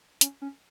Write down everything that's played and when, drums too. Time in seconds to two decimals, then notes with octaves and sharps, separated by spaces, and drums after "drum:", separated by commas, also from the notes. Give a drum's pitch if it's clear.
0.21 C#4, drum: hi-hat
0.42 C#4